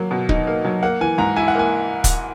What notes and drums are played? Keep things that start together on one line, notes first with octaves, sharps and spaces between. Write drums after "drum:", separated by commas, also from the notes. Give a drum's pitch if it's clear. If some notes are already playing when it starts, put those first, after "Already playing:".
Already playing: F#3 A#3
B2
D#4, drum: kick
A#3
F#3
A#3 F#5
E3 G#5
G#2 A#5
E4 G#5
F#5
A#3 G#5
drum: kick, hi-hat